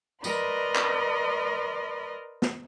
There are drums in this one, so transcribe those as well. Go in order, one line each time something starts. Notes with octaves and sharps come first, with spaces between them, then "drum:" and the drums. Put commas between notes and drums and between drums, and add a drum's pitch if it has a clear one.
A#4 B4 D5 D#5 B5 C6, drum: tambourine
drum: clap
drum: snare